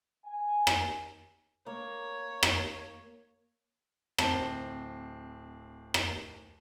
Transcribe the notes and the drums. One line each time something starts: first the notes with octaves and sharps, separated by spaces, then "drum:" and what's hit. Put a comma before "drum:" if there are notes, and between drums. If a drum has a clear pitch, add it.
G#5
drum: rim click
A#3 C#5
drum: rim click
D1 C4 A5 G7, drum: rim click
drum: rim click